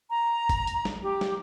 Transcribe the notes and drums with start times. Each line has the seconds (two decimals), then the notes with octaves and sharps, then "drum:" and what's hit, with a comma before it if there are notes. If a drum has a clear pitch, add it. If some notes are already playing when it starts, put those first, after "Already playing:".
0.10 A#5
0.49 drum: kick, hi-hat
0.67 drum: hi-hat
0.85 drum: snare
1.03 G4
1.21 drum: snare